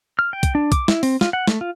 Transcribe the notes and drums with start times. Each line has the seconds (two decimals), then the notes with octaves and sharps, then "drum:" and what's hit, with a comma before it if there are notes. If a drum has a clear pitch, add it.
0.19 F6
0.33 G5
0.43 drum: kick, hi-hat
0.55 D4
0.72 D6, drum: kick, hi-hat
0.88 E4, drum: snare
1.03 C4, drum: open hi-hat
1.21 F4, drum: snare
1.33 F#5
1.47 A3, drum: snare
1.61 F4